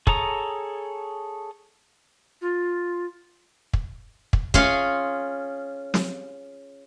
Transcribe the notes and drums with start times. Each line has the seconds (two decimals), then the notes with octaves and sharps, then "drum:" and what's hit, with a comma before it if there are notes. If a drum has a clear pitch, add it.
0.07 G#4 A4 C#5 A#5 D#6, drum: kick
2.41 F4
3.73 drum: kick
4.33 drum: kick
4.54 C#4 F4 G#4, drum: kick
5.94 drum: snare